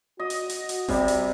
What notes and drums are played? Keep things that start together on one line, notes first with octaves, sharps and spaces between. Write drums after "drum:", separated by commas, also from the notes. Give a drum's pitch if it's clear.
F#4 D#5
drum: hi-hat
drum: hi-hat
drum: hi-hat
C3 G3, drum: snare G1
drum: hi-hat